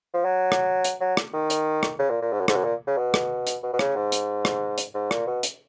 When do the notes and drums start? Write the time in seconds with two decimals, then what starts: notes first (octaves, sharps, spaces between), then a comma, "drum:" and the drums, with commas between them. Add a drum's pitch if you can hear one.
0.14 F3
0.24 F#3
0.52 drum: rim click
0.84 drum: hi-hat
1.00 F#3
1.17 drum: rim click
1.33 D#3
1.50 drum: hi-hat
1.83 drum: rim click
1.99 C#3
2.09 A#2
2.21 A#2
2.32 G#2
2.40 F#2
2.48 G#2, drum: rim click
2.56 F#2
2.64 A#2
2.87 C#3
2.97 B2
3.14 drum: rim click
3.47 drum: hi-hat
3.63 B2
3.73 B2
3.79 C#3, drum: rim click
3.95 G#2
4.12 drum: hi-hat
4.45 drum: rim click
4.78 drum: hi-hat
4.94 G#2
5.11 A#2, drum: rim click
5.27 B2
5.43 drum: hi-hat